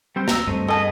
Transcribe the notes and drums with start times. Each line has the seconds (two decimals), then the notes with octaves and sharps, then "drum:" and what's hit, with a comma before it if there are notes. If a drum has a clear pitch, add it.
0.16 G3 C4 C5
0.28 A#5 E6, drum: snare
0.47 G2 A3 C4 D#5
0.68 B3 G#4 A4 D#5 A5